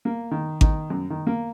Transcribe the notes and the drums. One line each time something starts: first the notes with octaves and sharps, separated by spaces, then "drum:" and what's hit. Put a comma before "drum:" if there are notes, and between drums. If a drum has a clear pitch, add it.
A#3
D#3
D#3, drum: kick G#1
F#2
D#3
A#3